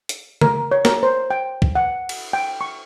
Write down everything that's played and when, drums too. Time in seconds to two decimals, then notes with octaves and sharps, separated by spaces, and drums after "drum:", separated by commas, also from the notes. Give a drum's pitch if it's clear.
0.09 drum: hi-hat
0.41 A#4, drum: tom C#3
0.71 C#5
0.85 A#4, drum: snare
1.03 C5
1.31 G5
1.62 drum: kick
1.75 F#5
2.09 drum: cymbal
2.33 G5
2.61 C#6